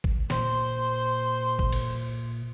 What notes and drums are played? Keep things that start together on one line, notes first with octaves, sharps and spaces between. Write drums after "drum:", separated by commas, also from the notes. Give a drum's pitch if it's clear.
drum: kick
A#2 C5 C6, drum: snare
drum: kick
drum: cymbal